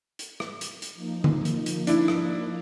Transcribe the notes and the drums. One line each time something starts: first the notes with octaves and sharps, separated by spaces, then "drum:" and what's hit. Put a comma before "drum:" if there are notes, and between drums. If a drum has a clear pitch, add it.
drum: hi-hat
drum: rim click
drum: hi-hat
drum: hi-hat
F3 A#3 D#4
drum: tom D3
drum: hi-hat
drum: hi-hat
D4 E4, drum: hi-hat
drum: rim click